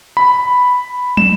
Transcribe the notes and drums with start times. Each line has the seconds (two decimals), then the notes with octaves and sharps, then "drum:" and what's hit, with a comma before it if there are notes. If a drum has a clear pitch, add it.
0.17 B5
1.17 E7, drum: tom